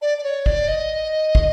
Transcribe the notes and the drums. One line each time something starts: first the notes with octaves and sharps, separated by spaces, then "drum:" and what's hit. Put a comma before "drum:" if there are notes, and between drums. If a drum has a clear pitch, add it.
D5
D5
C#5
D5, drum: kick
D#5
drum: kick